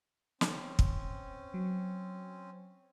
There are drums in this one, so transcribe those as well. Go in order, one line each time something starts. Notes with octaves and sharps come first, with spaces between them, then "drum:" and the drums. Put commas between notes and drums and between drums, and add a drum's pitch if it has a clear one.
C4 C#4, drum: snare
drum: kick
F#3